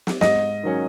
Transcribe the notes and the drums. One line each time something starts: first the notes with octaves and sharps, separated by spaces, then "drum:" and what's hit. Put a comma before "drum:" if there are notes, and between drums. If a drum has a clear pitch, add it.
drum: snare
G#2 D#5, drum: snare
D#3 F#3 C#4